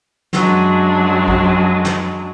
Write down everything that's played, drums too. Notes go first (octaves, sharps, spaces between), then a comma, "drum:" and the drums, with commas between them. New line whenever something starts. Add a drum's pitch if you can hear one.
F#2 F#3 G#3 D4, drum: snare
drum: kick
drum: snare